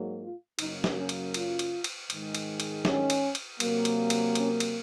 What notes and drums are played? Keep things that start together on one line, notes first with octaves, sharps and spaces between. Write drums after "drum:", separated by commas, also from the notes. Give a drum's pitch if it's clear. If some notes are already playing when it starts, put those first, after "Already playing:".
Already playing: G#2 F#3 A#3
F4
F#2 C#3 F#3 A#3 D#4, drum: cymbal
drum: snare
C#4
drum: cymbal
F4, drum: cymbal
drum: cymbal
drum: cymbal
G#2 D#3 G#3, drum: cymbal
drum: cymbal
drum: cymbal
C#4, drum: snare
drum: cymbal
drum: cymbal
C3 F#3 A#3, drum: cymbal
drum: cymbal
drum: cymbal
C#4, drum: cymbal
drum: cymbal